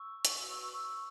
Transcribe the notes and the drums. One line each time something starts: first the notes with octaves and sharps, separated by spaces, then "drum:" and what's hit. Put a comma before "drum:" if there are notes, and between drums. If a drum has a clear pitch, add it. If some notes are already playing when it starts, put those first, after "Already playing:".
Already playing: C#6 E6
drum: hi-hat
F#4 B4 C#6 E6
C#6 E6
C#6 E6
C#6 E6